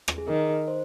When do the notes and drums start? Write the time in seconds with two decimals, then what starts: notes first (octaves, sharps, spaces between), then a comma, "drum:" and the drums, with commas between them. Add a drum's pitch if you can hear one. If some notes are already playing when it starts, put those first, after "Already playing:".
0.08 drum: rim click
0.18 G#4
0.28 D#3 A#4
0.68 C5